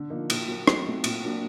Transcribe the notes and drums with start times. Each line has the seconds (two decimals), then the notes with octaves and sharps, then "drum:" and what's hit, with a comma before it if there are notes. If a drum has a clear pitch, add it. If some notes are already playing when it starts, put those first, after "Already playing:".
Already playing: D3
0.10 F3 A#3 D#4
0.30 A#2, drum: cymbal
0.47 F#3 A#3
0.67 F#3, drum: rim click
0.85 A3 C4 D#4
1.04 A#2, drum: cymbal
1.24 F#3 A#3 D4